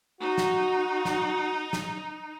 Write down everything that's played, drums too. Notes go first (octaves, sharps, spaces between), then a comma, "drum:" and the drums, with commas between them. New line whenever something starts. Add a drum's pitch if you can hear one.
D#4 F#4
drum: snare
drum: snare
drum: snare